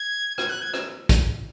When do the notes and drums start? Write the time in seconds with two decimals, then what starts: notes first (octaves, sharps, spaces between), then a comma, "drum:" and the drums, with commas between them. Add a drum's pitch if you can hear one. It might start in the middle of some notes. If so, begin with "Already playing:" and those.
Already playing: G#6
0.38 G#6, drum: rim click
0.49 F#6
0.62 G#6
0.74 drum: rim click
1.09 drum: kick, hi-hat